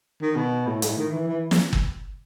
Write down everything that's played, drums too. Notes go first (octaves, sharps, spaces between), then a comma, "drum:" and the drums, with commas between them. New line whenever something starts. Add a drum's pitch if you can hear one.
D#3
B2
A2
G#2, drum: hi-hat
A2
D#3
E3
E3
drum: snare
drum: kick